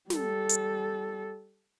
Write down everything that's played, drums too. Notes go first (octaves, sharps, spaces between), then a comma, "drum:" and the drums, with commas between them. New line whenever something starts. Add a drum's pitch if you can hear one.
G3 A4, drum: snare
drum: hi-hat